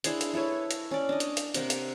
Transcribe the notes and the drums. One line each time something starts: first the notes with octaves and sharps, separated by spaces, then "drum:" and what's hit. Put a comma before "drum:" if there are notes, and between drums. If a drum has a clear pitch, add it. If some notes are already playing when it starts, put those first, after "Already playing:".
D4 E4 G#4 C5, drum: hi-hat
drum: hi-hat
E4 A4 B4 C#5
drum: hi-hat
C#4 D5
D4 D#5
drum: hi-hat
drum: hi-hat
C3 A#4 F#5 G5, drum: hi-hat
drum: hi-hat